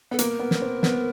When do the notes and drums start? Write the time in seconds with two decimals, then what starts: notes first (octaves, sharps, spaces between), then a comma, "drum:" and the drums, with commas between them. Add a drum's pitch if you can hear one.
0.11 B3 A4
0.19 A#3 A#4, drum: hi-hat
0.40 B3
0.51 drum: snare
0.62 C4
0.83 B3, drum: snare